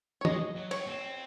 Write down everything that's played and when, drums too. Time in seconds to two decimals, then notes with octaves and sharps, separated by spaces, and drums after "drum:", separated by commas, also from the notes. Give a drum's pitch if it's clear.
0.21 C#5
0.25 G#3 D#5, drum: tom
0.56 F#3
0.71 C#5, drum: cymbal
0.87 C4